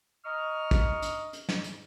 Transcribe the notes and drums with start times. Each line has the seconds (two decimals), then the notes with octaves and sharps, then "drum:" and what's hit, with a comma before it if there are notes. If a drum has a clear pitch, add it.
0.25 D#5 A#5 C#6 D#6 F6
0.71 drum: kick, hi-hat
1.02 drum: hi-hat
1.33 drum: hi-hat
1.49 drum: snare
1.64 drum: hi-hat